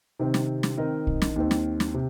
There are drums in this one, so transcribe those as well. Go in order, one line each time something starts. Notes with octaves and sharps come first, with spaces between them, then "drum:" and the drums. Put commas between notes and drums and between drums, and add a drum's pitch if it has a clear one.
C3 D#3 C4
drum: snare
drum: snare
D#3 C4 D#4 A#4 D#5
drum: kick A#1
drum: snare
D#2 D#3 C4
drum: snare
drum: snare
C3